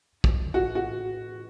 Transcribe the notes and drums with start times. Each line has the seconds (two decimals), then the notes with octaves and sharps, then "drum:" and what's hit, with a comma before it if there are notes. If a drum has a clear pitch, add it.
0.24 drum: kick
0.54 F#4
0.75 F#4